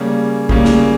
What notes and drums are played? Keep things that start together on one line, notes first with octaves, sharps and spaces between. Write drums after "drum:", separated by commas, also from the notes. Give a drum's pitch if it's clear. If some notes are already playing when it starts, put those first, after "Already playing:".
Already playing: C#3 G3 A#3 C#4
C#3 G3 A#3 C#4, drum: kick
drum: snare